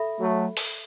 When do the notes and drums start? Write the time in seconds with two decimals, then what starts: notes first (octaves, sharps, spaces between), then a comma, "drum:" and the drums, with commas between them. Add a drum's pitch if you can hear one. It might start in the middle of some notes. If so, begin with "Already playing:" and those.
Already playing: A4 E5 B5
0.19 F#3 A3
0.57 drum: open hi-hat